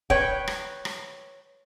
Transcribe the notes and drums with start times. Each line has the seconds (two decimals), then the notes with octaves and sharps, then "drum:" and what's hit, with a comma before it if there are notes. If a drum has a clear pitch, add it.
0.10 B4 C#5 G5, drum: kick
0.47 drum: rim click
0.85 drum: rim click